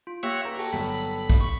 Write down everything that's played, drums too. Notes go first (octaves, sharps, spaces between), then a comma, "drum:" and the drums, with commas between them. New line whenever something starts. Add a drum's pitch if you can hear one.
F4
A#3 G4 C#5 E5 F#5 A#6
C#2 G4 A#5
F#4 A4 G5, drum: open hi-hat
G1 F#3 B5
drum: kick
C#6